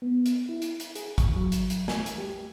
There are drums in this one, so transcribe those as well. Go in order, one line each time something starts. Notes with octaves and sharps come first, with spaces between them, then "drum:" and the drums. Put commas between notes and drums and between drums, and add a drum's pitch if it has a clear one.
B3
drum: hi-hat
E4
drum: hi-hat
drum: hi-hat
G#4, drum: hi-hat
C#6, drum: kick, hi-hat
F#3
drum: hi-hat
drum: hi-hat
G#5, drum: snare
drum: hi-hat
G4